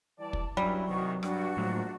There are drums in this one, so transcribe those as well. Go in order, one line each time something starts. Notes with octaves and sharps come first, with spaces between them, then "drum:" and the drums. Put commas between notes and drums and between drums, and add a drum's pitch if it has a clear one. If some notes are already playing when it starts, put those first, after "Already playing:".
E3 G3 D5 A5
drum: kick
G2 F#3 G3 C#4 E4
C3 D#3 E3 F#4 C#6
G2 D4 F#4, drum: rim click
A2 F3 F#3 G#3 A#3